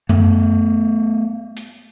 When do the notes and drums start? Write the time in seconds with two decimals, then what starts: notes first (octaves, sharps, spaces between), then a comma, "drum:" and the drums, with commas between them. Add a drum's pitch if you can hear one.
0.09 A3 B3, drum: tom F#2
1.57 drum: hi-hat